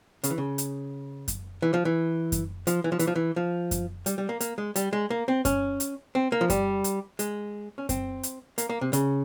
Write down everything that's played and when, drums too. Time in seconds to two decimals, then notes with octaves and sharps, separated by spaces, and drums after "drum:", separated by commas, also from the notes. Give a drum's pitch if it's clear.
0.24 C#3, drum: hi-hat
0.30 E3
0.38 C#3
0.58 drum: hi-hat
1.28 drum: kick F#2, hi-hat
1.62 E3
1.74 F3
1.85 E3
2.32 drum: kick F#2, hi-hat
2.67 F3, drum: hi-hat
2.84 E3
2.92 F3
2.99 E3, drum: hi-hat
3.07 F3
3.15 E3
3.36 F3
3.71 drum: kick F#2, hi-hat
4.06 G3, drum: hi-hat
4.18 G3
4.29 A#3
4.41 A#3, drum: hi-hat
4.58 G#3
4.76 G3, drum: hi-hat
4.93 G#3
5.10 A#3
5.28 C4
5.45 C#4, drum: kick F#2, hi-hat
5.80 drum: hi-hat
6.15 C4
6.32 A#3
6.41 F3
6.50 G3, drum: kick F#2, hi-hat
6.84 drum: hi-hat
7.19 G#3, drum: hi-hat
7.78 C#4
7.89 C4, drum: kick F#2, hi-hat
8.23 drum: hi-hat
8.58 A#3, drum: hi-hat
8.69 A#3
8.81 C3
8.93 C#3, drum: hi-hat